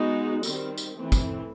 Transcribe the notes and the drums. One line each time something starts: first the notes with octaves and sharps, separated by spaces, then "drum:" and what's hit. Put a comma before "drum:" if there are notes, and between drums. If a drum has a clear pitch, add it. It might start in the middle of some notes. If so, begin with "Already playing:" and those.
Already playing: G#3 B3 D#4 F#4
D#3 G3 C4, drum: tambourine
drum: tambourine
E3 A3 C4
drum: kick, tambourine